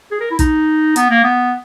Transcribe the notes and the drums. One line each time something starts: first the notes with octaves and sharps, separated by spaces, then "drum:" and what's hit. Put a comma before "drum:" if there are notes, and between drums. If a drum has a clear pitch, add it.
G#4
A#4
E4
D#4, drum: kick, hi-hat
B3, drum: hi-hat
A#3
B3